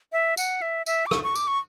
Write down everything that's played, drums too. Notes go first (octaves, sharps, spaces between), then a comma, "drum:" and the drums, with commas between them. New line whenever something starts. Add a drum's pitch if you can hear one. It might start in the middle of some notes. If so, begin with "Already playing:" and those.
E5
F#5, drum: tambourine
E5
E5, drum: tambourine
D6
C#6, drum: rim click
C#6
D6, drum: tambourine
C#6